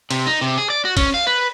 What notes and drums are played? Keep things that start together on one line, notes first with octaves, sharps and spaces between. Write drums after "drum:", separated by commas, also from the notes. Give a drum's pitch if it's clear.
C3, drum: cymbal
D#4
C3
G#4
D5
F#4
C#4, drum: kick, cymbal
F5
B4